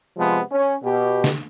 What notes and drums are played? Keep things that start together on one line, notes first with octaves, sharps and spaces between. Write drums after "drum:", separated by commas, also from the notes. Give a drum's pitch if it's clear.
C3 F3 G#3 B3
C#4
B2 G4
drum: snare